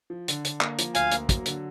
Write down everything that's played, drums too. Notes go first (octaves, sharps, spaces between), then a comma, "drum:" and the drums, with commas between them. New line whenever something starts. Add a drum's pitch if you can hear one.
F3
D3, drum: hi-hat
D3, drum: hi-hat
A#3, drum: clap
F3, drum: hi-hat
D2 F5 G#5, drum: hi-hat
A#3, drum: hi-hat
F#3, drum: kick, hi-hat
D3, drum: hi-hat